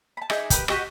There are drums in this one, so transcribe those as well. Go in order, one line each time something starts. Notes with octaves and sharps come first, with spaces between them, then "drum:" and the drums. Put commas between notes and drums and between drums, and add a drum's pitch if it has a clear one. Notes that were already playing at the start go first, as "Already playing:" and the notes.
A5 B5
D#4 E4 G#4 D5, drum: rim click
G4 A#4 B4 D#6, drum: kick, hi-hat
F#4 G4 D#5 B5, drum: rim click